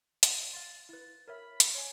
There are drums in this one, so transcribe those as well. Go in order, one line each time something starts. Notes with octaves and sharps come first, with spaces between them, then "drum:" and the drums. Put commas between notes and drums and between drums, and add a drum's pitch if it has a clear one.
F#5 C6, drum: hi-hat
F5 C6 A6
E4 B4 A6
A#4 C#5 E5 B5 F6
drum: hi-hat
C#5 G#5 C6